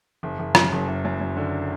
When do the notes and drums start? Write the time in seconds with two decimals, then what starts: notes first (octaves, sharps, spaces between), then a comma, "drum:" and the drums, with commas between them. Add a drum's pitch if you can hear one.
0.23 F#1
0.39 F#1
0.55 F#2, drum: rim click
0.72 F#1
0.88 F#1
1.05 F#2
1.21 F#2
1.37 D3